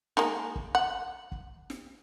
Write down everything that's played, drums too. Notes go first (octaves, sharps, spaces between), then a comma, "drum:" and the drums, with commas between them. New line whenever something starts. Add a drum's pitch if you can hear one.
D#3 G#3 A#3, drum: snare
drum: kick
F#5
drum: kick
drum: snare